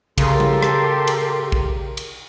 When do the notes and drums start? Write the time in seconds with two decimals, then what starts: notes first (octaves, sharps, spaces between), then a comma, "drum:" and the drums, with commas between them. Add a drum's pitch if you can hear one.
0.18 C#3 G4 A4 A#4 C6, drum: kick, cymbal
0.40 drum: tom G3
0.63 drum: rim click
1.07 drum: cymbal
1.52 drum: kick
1.97 drum: cymbal